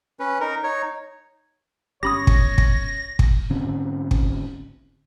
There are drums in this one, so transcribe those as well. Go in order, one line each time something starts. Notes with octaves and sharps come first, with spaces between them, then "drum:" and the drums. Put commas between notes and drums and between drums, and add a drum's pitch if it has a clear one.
C#4 B4
D#4 A#4
D#4 C#5
G1 C#4 G4 C#5 B5 D#6 A#6
drum: kick
drum: kick
drum: kick
G#2 D3 C4 C#4
drum: kick